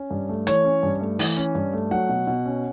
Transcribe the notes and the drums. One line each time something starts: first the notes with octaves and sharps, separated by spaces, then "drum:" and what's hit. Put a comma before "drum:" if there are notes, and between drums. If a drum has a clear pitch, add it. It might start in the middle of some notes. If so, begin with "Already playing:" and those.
Already playing: C#4
G2
A3
E3 C#5, drum: hi-hat
C#4
G2
A3
E3, drum: open hi-hat
C#4
G2
A3
F#3 F#5
B2
B2
C#4